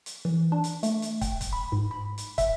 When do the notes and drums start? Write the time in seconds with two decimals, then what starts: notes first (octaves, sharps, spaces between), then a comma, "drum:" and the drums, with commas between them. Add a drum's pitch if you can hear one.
0.06 drum: hi-hat
0.25 E3
0.52 D4
0.64 drum: hi-hat
0.83 A3, drum: hi-hat
1.02 drum: hi-hat
1.21 G5, drum: kick, hi-hat
1.41 drum: kick, hi-hat
1.53 B5
1.72 G#2
1.91 B5
2.18 drum: hi-hat
2.38 E5, drum: kick, hi-hat